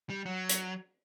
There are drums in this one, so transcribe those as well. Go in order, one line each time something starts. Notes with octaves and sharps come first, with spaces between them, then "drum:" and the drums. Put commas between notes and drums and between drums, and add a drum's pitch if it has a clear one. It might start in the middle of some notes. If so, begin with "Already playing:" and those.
G3
F#3
drum: hi-hat